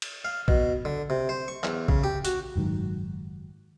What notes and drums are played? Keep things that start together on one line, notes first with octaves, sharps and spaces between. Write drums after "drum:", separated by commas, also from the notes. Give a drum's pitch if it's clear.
drum: cymbal
F5
B2, drum: kick A#1
D3
C3
C5
C#6
E2, drum: clap
C#3, drum: kick A#1
G4
F#4, drum: hi-hat
F#1 G#2 D#3 F#3